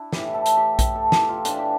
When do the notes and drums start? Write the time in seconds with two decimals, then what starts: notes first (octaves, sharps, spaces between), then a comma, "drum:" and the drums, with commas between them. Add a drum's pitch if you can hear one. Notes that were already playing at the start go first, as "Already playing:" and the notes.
Already playing: D4 E4
0.12 A2 E3 G4, drum: snare
0.34 A4
0.46 drum: hi-hat
0.57 G4
0.79 drum: kick A#1, hi-hat
0.95 A4
1.12 G4, drum: snare
1.29 F4
1.45 A2 E3 D4, drum: hi-hat
1.58 G4